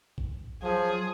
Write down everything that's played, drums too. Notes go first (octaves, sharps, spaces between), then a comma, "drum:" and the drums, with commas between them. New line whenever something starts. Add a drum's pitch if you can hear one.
drum: kick
F3 F#3 G#4